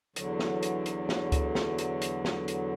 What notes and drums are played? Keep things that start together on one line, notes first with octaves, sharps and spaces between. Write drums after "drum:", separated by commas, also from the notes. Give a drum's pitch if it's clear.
E2 D3 F#3, drum: hi-hat
drum: snare
drum: hi-hat
drum: hi-hat
drum: snare
drum: kick C#2, hi-hat
drum: snare
drum: hi-hat
drum: hi-hat
drum: snare
drum: hi-hat